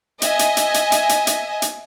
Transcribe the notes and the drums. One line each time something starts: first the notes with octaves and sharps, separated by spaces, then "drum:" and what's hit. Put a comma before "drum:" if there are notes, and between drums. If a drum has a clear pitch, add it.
D#5 E5 G#5, drum: hi-hat
drum: hi-hat
drum: hi-hat
drum: hi-hat
drum: hi-hat
drum: hi-hat
drum: hi-hat
drum: hi-hat